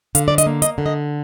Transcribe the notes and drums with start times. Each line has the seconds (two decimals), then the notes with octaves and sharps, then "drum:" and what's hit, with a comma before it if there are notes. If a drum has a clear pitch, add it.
0.15 D3 F5, drum: hi-hat
0.28 D5
0.38 D#5, drum: hi-hat
0.46 A#3
0.62 D#5, drum: hi-hat
0.78 D3
0.86 D#5